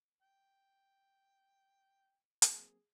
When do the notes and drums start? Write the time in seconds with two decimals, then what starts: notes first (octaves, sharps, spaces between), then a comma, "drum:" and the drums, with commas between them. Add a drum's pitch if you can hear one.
0.22 G5
2.42 F#3 A#3 C4 G#4, drum: hi-hat